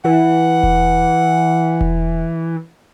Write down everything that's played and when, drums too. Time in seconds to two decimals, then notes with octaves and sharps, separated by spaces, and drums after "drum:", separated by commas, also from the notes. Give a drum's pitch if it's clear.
0.05 E3 F#5
0.63 drum: kick E1
1.81 drum: kick E1